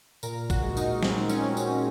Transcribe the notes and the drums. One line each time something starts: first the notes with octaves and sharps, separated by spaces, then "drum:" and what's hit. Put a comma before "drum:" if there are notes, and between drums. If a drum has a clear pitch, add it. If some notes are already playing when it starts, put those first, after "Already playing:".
A#2 A#4, drum: tambourine
F#4, drum: kick, tambourine
G#3
D#4, drum: tambourine
G#3 C4, drum: snare
C#4, drum: tambourine
drum: tambourine